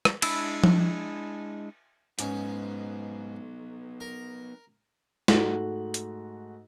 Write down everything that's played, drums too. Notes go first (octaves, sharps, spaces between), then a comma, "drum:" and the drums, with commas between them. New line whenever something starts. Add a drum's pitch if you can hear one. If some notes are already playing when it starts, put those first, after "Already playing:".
drum: rim click
G#3 D4 E4 B5 E6, drum: cymbal
drum: tom F3
G#2 B3 C#4 D#4, drum: hi-hat
A#4
G#2 A3 F#4 F#7, drum: snare
drum: hi-hat